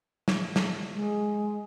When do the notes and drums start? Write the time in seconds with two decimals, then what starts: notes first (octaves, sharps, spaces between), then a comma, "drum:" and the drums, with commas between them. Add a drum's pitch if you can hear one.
0.28 drum: snare
0.56 drum: snare
0.92 G#3